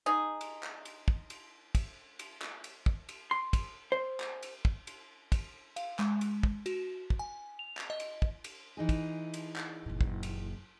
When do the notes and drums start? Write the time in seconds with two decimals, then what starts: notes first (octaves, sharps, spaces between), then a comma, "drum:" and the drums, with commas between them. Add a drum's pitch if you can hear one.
0.06 D#4 G#4
0.41 drum: cymbal
0.63 drum: clap
0.85 drum: cymbal
1.08 drum: kick
1.30 drum: cymbal
1.75 drum: kick, cymbal
2.19 drum: cymbal
2.42 drum: clap
2.64 drum: cymbal
2.86 drum: kick
3.09 drum: cymbal
3.31 C6
3.53 drum: kick, cymbal
3.92 C5
4.20 drum: clap
4.43 drum: cymbal
4.65 drum: kick
4.87 drum: cymbal
5.32 drum: kick, cymbal
5.76 F5, drum: cymbal
5.99 G#3, drum: clap
6.21 drum: cymbal
6.43 drum: kick
6.66 F#4, drum: cymbal
7.10 drum: kick
7.19 G#5
7.59 F7
7.77 drum: clap
7.90 D#5
8.00 drum: cymbal
8.22 drum: kick
8.44 drum: cymbal
8.77 E3 D#4 G#4
8.89 drum: kick, cymbal
9.34 drum: cymbal
9.56 drum: clap
9.86 F#1 A#2
10.01 drum: kick
10.23 drum: cymbal